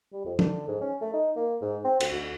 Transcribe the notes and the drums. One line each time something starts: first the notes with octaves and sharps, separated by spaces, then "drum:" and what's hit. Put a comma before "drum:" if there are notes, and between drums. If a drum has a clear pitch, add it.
G3
F2
D3, drum: tom
G#2
C#4
A3
D#4
A#3
G#2
C4
D2, drum: cymbal
D2